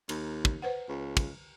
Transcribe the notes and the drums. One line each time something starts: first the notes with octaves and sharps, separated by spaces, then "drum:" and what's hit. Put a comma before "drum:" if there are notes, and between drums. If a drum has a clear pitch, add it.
D#2, drum: cymbal
drum: kick
B4 C5 F#5
C#2
drum: kick, cymbal